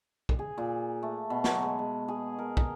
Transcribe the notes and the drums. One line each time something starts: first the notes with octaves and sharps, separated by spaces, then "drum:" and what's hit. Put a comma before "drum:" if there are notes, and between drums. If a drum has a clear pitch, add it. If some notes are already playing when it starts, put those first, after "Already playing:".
drum: kick
G#4
A#2
A3
B2
F#3, drum: snare
G#3
G#3
G#4
A#4
D#5, drum: kick